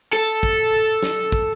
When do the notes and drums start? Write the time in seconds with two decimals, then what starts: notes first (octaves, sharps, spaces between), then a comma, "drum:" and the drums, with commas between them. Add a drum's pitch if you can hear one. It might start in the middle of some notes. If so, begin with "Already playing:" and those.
0.13 A4
0.43 drum: kick
1.03 drum: snare
1.32 drum: kick